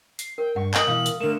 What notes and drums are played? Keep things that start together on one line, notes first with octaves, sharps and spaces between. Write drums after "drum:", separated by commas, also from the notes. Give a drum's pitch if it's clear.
C7, drum: hi-hat
A#4 G5
G2 F#5 C#6
A#4 D#5 G5 D#6 F#7, drum: clap
B2 E3 F5
drum: hi-hat
D3 A3 A#4 E7